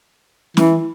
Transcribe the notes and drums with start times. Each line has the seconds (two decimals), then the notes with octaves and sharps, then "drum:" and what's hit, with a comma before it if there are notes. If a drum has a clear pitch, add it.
0.57 E3, drum: snare